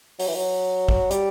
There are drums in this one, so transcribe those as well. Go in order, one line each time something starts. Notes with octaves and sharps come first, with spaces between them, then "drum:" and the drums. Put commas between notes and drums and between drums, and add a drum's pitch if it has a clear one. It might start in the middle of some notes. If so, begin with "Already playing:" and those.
F#3, drum: open hi-hat
E3
F#3
drum: kick
G3, drum: hi-hat